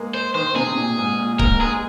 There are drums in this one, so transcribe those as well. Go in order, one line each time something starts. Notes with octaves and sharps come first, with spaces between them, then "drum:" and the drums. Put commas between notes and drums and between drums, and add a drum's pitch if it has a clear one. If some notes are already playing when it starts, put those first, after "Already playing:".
Already playing: G#3 A#3
C5
D#3 C5
C3 G#4
C3
A#2
G#2
A#2
G#2 A#4, drum: kick C#1
G#3 G#4